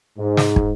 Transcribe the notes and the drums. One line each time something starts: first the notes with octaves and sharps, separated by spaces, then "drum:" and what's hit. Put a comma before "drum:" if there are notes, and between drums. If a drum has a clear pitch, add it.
G#2
drum: snare
drum: kick